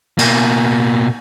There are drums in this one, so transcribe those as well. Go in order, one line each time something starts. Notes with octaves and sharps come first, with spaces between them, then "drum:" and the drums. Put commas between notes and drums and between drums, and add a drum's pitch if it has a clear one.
B2 A#3, drum: cymbal